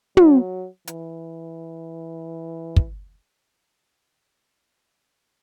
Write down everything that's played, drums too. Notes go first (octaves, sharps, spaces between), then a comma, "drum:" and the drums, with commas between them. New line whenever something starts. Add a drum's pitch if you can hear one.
F#3, drum: tom
E3, drum: hi-hat
drum: kick